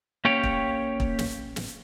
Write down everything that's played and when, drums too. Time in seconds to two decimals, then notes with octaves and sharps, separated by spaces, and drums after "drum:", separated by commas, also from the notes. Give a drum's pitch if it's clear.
0.25 A#3 C#4 G4 C#5 G5
0.43 drum: kick
1.00 drum: kick
1.19 drum: snare
1.56 drum: snare